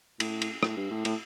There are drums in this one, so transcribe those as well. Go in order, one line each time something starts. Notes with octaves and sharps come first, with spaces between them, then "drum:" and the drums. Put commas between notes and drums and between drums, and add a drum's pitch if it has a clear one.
A2, drum: cymbal
drum: cymbal
A2, drum: rim click
G2
A2
A2, drum: cymbal